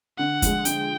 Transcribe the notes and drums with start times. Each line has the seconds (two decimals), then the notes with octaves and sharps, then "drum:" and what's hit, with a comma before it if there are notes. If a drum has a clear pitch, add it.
0.18 D3 F#5
0.42 F3 G#3, drum: kick, hi-hat
0.65 D3 G5, drum: hi-hat